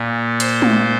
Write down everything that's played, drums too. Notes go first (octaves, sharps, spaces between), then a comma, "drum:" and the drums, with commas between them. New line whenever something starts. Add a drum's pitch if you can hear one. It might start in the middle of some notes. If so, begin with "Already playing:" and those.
Already playing: A#2
C5, drum: hi-hat
drum: tom G#3